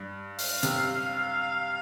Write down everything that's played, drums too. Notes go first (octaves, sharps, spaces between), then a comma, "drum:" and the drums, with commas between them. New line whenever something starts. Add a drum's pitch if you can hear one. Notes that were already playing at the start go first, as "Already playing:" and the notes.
Already playing: G2
F5, drum: open hi-hat
C3, drum: hi-hat